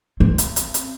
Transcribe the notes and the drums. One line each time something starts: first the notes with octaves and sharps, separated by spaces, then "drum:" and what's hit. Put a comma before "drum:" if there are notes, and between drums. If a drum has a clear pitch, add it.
C4
drum: hi-hat
drum: hi-hat
drum: hi-hat